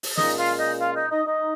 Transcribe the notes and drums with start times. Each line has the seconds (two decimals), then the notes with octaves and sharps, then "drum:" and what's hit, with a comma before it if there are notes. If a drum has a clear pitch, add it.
0.03 drum: open hi-hat
0.17 A#2 G#3 C#4 D#4 D#5, drum: snare
0.38 F4 F5
0.59 D#4 D#5
0.80 F4 F5
0.96 D#4 D#5
1.11 D#4 D#5
1.27 D#4 D#5